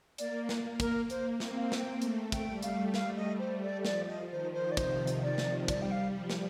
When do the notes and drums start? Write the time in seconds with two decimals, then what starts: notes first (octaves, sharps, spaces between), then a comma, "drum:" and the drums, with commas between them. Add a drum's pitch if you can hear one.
0.18 A#3 D5, drum: hi-hat
0.49 drum: snare
0.64 A#3
0.80 A#4, drum: kick, hi-hat
1.10 A#3 C5, drum: hi-hat
1.40 C4, drum: snare
1.56 F5
1.72 C4, drum: snare
1.79 G5
2.02 A3, drum: hi-hat
2.32 G5, drum: kick, hi-hat
2.47 G3
2.62 F5, drum: hi-hat
2.94 G3 F5, drum: snare
3.17 D#5
3.39 C5
3.62 D5
3.85 F3 D5, drum: snare
4.08 D#5
4.31 D#3 C5
4.54 C5
4.71 D5
4.77 C3 C5, drum: kick, hi-hat
5.07 drum: hi-hat
5.22 F3 D5
5.38 drum: snare
5.68 G3 D5, drum: kick, hi-hat
5.82 G5
5.91 F5
6.14 F3
6.30 drum: snare